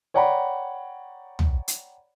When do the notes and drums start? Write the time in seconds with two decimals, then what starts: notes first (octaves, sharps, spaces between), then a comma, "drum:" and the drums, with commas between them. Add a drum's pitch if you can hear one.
0.14 C#5 D5 F#5 G5 A#5 B5
1.39 drum: tom
1.68 drum: hi-hat